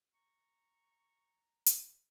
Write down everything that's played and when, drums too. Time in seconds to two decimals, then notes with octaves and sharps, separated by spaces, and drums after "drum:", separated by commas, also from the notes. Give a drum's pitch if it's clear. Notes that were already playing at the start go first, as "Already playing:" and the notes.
0.14 A#5 C#6
1.66 drum: hi-hat